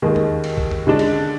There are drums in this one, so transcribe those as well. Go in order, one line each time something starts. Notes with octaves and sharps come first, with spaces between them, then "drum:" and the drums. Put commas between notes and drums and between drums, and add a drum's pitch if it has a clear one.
D#2 D#3 G#3
drum: tom E2
drum: cymbal
drum: kick B1
drum: tom E2
D3 G#3 D4
drum: cymbal